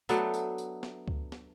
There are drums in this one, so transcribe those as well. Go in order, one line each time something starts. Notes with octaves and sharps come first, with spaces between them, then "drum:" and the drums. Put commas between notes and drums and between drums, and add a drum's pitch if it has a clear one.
F#3 A3 B3 D4, drum: tambourine
drum: tambourine
drum: tambourine
drum: snare
drum: kick C#2
drum: snare